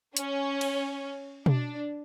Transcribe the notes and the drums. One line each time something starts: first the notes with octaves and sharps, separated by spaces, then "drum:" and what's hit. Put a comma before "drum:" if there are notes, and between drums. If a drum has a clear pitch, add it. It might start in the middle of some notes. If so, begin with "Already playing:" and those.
C#4, drum: hi-hat
drum: cymbal
D4, drum: tom B2